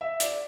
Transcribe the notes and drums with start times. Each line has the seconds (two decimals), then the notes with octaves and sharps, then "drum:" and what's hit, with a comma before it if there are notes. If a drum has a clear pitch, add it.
0.01 E5
0.20 D5, drum: hi-hat